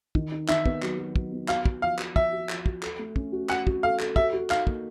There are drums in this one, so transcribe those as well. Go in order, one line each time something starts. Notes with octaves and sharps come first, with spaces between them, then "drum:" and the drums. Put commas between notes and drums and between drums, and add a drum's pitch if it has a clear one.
D#3, drum: kick
D#4
D#3 E5, drum: clap
B3, drum: kick
F#3, drum: clap
F#3
F#3, drum: kick
B3
F#4 F5, drum: clap
F#4, drum: kick
F3 F5
F#4, drum: clap
F3 E5, drum: kick
F#4
F3, drum: clap
F#4, drum: kick
A4, drum: clap
A3
C#4, drum: kick
F#4
F#4 F#5, drum: clap
F#4, drum: kick
A4 F5
A4, drum: clap
F#4 E5, drum: kick
F#4
D#4 F5, drum: clap
A#3, drum: kick